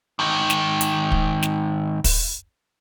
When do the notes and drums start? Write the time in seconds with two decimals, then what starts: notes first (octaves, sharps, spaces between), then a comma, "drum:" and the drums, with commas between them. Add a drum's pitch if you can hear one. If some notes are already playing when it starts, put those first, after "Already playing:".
0.19 G#2 D#3
0.50 drum: snare
0.81 drum: hi-hat
1.12 drum: kick
1.43 drum: snare
2.04 drum: kick, open hi-hat